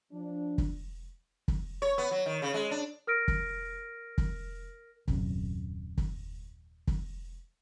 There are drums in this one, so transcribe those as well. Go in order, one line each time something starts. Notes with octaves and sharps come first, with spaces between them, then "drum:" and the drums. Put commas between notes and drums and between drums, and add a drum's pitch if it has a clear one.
F3 D4
drum: kick
drum: kick
C#5
B3
F#3
D#3
C#3
G#3
D4
A#4 F6 A#6 D7
drum: kick
drum: kick
D#1 F#2 C3, drum: kick
drum: kick
drum: kick